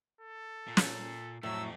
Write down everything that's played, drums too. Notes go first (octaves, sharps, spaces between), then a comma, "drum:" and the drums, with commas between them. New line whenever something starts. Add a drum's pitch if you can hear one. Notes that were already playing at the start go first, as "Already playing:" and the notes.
A4
A#2
drum: snare
F2 A2 F#3 A3 E6